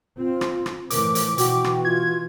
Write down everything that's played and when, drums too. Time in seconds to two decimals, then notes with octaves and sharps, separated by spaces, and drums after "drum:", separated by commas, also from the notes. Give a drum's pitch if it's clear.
0.18 C4 F4
0.41 drum: rim click
0.66 drum: rim click
0.90 A2 E3 F3 A#4 D6, drum: hi-hat
1.15 drum: hi-hat
1.38 B2 E3 F#4 G5, drum: hi-hat
1.64 drum: rim click
1.85 F4 G#6